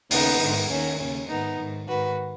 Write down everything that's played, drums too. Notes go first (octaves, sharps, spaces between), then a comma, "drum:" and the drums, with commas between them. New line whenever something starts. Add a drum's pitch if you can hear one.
D#2 C#3 B3 D#4, drum: open hi-hat
G#2 D#3
D#2 D#3 C#4
D#2 C#3 C#4
G#2 D#3 B3 D#4
G#2 D#3
G#2 D#3 F#4 B4